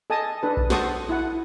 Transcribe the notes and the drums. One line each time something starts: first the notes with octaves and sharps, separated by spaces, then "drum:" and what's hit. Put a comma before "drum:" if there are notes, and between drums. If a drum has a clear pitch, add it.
A4 D#5 G#5 A5 D#6
D4 A4 B4
drum: kick A#1
F#4 A4 C5 A5 C#6 D#6, drum: snare
E4 F#5